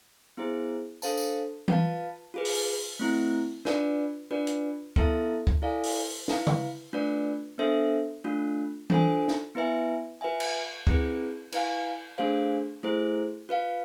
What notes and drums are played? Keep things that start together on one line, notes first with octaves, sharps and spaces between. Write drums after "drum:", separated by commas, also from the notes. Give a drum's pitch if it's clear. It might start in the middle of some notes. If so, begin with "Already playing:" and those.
B3 E4 G#4 C5
D4 A4 C5 F5 A5, drum: tambourine
drum: tambourine
F4 B4 F5 A5, drum: tom E3
F4 G#4 B4
drum: open hi-hat
A3 C4 E4
D4 F4 B4 D5, drum: snare
D4 F4 B4 D5
drum: hi-hat
B3 E4 A4 E5 A5, drum: kick
drum: kick
E4 A4 D5 F5 G#5
drum: open hi-hat
E4 B4 F5, drum: snare
drum: tom C#3
A3 D4 F4 B4 D5
B3 D4 A4 C5 E5
A3 D4 F4
D4 F4 A4 C5 G#5, drum: tom E3
drum: snare
B3 E4 B4 E5 G#5
F4 B4 E5 G#5
drum: cymbal
C4 E4 G#4 B4, drum: kick
E4 B4 F5 G#5, drum: cymbal
A3 D4 G#4 C5 F5
A3 E4 G#4 C5
F4 B4 F5